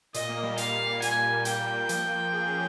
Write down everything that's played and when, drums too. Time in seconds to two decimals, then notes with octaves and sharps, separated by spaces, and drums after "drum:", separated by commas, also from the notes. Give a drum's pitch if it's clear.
0.14 A#2 D#5, drum: hi-hat
0.29 A#3
0.43 G3
0.58 G3 F5, drum: hi-hat
0.72 G3
0.87 A#3
1.02 A#3 G#5, drum: hi-hat
1.17 A#2
1.31 A#2
1.45 A#2 G5, drum: hi-hat
1.60 A#2
1.75 A#3
1.89 F3, drum: hi-hat
2.04 A#3
2.19 F3
2.33 G#4
2.48 C#4